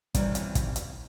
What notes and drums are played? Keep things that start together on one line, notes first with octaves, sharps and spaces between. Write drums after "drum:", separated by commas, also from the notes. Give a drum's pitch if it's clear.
C3 D#3 E3 G3 C#4, drum: kick, hi-hat
drum: hi-hat
drum: kick, hi-hat
drum: hi-hat